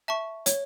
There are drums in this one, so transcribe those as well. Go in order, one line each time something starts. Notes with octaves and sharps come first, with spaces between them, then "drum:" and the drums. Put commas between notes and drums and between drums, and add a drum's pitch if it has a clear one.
E5 A5 C#6
C#5, drum: hi-hat